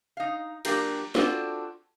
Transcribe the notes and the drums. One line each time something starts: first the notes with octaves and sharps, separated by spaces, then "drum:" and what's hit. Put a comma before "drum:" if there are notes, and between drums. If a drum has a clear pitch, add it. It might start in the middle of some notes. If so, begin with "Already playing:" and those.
D#4 F5
F#3 A#3 D4 F4 G4 A#4, drum: cymbal
C4 D4 F4 F#4 A4 D5, drum: snare